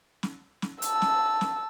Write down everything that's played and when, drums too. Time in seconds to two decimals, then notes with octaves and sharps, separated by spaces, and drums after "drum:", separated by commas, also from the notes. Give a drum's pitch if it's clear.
0.23 drum: snare
0.62 drum: snare
0.82 A5 E6, drum: hi-hat
1.02 drum: snare
1.41 drum: snare